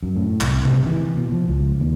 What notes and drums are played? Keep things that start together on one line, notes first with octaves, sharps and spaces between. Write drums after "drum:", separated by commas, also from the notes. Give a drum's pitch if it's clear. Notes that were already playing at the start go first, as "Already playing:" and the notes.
F#2
A2
C2, drum: clap
C3, drum: tom C3
E3
B2
F3
C#2
D#2